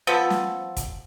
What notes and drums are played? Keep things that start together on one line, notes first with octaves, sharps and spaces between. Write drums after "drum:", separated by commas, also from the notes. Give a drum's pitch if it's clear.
F3 B3 C4 A4
drum: snare
drum: kick, hi-hat